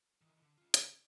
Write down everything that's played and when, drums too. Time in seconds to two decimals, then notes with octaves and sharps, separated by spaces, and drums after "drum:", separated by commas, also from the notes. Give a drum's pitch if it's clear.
0.21 D#3 E3
0.42 D3
0.57 C#4 F4
0.74 C#3, drum: hi-hat
0.94 D5